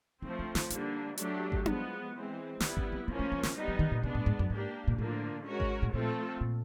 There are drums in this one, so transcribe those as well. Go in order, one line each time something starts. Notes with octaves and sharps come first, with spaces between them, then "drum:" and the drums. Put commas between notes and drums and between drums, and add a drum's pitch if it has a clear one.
F3 A3 C4 D#4
D4
D#4, drum: snare
D3 G3 A#3 D4 D#4, drum: hi-hat
F#3 A3 D4 G4, drum: hi-hat
drum: kick G#1
F3 G#3 B3 E4, drum: tom D4
E3 G#3 C4
G3 B3 D#4 E4, drum: snare
C#4, drum: kick G#1
C4
F3 A#3 B3 C#4
A3
B3
C4, drum: snare
G3 B3 D#4
F#3
D#3
A#2
C3 G#3 B3 D4
A2
G#2
F#2
G#2 A#3 D4 G4
A#2
A2 D3 F3 A#3 D4 F4
G#3 C#4 F#4 A#4 C#5
drum: kick G#1
A2
A#2 F3 A3 C4 F4 A4
A#2